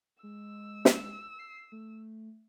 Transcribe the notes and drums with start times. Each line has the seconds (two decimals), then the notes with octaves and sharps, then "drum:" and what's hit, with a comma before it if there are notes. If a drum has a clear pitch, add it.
0.23 G#3 E6
0.85 drum: snare
1.39 C7
1.72 A3